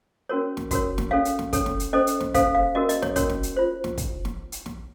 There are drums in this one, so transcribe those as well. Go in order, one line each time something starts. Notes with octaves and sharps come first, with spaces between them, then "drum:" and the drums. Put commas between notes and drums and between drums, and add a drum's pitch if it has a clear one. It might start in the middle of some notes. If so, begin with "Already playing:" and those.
C#4 F#4 A#4 C#5
drum: snare
C#4 F#4 A#4 C#5, drum: kick, hi-hat
drum: snare
C#4 A4 C#5 F5
drum: hi-hat
drum: snare
C#4 A4 C#5, drum: kick, hi-hat
drum: snare
drum: hi-hat
C#4 A4 C5 D#5
drum: hi-hat
drum: snare
C#4 A4 C5 F5, drum: kick, hi-hat
F5
C#4 F#4 A#4 D#5
D#5, drum: hi-hat
C#5, drum: snare
C#4 F#4 A#4 C#5, drum: kick, hi-hat
drum: snare
drum: hi-hat
F4 C5
drum: snare
drum: kick, hi-hat
drum: snare
drum: hi-hat
drum: snare